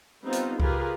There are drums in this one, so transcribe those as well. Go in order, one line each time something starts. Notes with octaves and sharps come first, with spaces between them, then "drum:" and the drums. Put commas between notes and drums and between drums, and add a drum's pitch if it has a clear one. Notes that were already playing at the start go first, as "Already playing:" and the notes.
G3 B3 C4 D#4 F4
drum: hi-hat
F4 G4 G#4 A#4 B4, drum: kick C#2